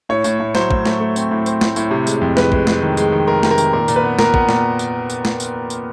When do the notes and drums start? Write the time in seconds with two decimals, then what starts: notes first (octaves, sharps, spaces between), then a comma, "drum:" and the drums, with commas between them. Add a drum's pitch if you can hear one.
0.09 A2 C#5
0.24 A2, drum: tambourine
0.40 A2
0.55 F#3 C5, drum: snare
0.71 A2, drum: kick
0.86 A3, drum: snare
1.00 A3
1.16 C4, drum: tambourine
1.31 A2
1.46 C4, drum: tambourine
1.61 A2, drum: snare
1.76 A2, drum: tambourine
1.91 C3
2.07 G#3, drum: tambourine
2.21 F2
2.37 G#3 B4, drum: snare
2.52 G#3, drum: kick
2.67 G#3, drum: snare
2.82 D#3
2.97 G#3, drum: tambourine
3.12 D#3
3.28 G#3 A#4
3.43 C3, drum: snare
3.51 A#4
3.58 D#3, drum: tambourine
3.73 A#2 A#4
3.88 A#2, drum: tambourine
3.96 B4
4.04 B3
4.19 A#2 A#4, drum: snare
4.34 B3, drum: kick
4.49 A#2, drum: snare
4.79 drum: tambourine
5.10 drum: tambourine
5.25 drum: snare
5.40 drum: tambourine
5.70 drum: tambourine